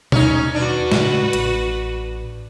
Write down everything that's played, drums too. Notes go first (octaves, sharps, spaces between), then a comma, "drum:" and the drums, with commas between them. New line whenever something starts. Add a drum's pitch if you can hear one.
D#2 C#4 D#4, drum: tom B2
D4 F#4 B4
A2 C#3, drum: snare
A1, drum: hi-hat